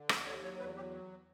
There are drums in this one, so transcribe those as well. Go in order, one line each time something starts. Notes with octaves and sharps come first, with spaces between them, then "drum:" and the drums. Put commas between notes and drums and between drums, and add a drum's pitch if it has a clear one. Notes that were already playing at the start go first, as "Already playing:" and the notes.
Already playing: D3
D#2 C5, drum: rim click
D#2 C#5
F#3 C#5
E2 B4
F#3 G4